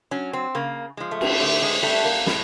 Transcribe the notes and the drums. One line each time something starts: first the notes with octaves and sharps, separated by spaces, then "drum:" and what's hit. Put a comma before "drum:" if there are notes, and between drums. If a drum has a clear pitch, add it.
F#3 C#4
C4
C#3 A#3
F3 G#3
A3
drum: cymbal
D3 A3
G#3
G3 A3
A#3
A2 G#3, drum: snare